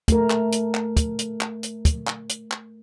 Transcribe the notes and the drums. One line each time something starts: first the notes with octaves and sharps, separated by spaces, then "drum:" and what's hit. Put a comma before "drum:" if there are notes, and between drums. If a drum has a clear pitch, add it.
A3 A#4, drum: kick, hi-hat
drum: clap
drum: hi-hat
drum: clap
drum: kick, hi-hat
drum: hi-hat
drum: clap
drum: hi-hat
drum: kick, hi-hat
drum: clap
drum: hi-hat
drum: clap